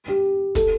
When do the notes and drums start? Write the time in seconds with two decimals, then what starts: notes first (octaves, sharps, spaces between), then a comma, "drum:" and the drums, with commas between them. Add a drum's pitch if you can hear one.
0.08 G4
0.55 A4, drum: kick, hi-hat